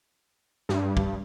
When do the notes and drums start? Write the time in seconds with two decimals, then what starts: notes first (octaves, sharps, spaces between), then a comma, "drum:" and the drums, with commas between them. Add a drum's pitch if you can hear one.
0.69 G2, drum: snare
0.97 drum: kick